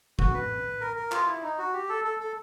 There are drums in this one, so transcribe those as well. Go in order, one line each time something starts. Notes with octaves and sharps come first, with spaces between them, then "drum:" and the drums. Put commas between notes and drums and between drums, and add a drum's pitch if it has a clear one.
F#4, drum: kick
B4
A#4
A#4
F4, drum: clap
E4
D#4
F#4
G4
A4
A4
A4